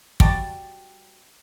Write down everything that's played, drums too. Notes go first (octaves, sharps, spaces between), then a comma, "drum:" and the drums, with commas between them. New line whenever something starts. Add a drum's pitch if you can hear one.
G3 F#4 D5 A5, drum: kick